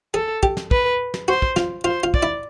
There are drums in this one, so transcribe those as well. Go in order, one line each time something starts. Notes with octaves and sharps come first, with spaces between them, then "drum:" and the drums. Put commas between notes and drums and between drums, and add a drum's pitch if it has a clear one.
G#4 A4
G4, drum: kick
drum: snare
B4, drum: kick
drum: snare
F#4 C5
drum: kick
F4, drum: snare
F4 C5
F4
D5, drum: kick
E4